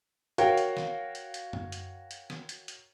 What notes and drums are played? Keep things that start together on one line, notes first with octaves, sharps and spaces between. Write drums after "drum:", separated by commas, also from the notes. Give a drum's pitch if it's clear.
F#4 A#4 C#5 F5 G5, drum: hi-hat
drum: hi-hat
drum: snare
drum: hi-hat
drum: hi-hat
drum: tom F#2
drum: hi-hat
drum: hi-hat
drum: snare
drum: hi-hat
drum: hi-hat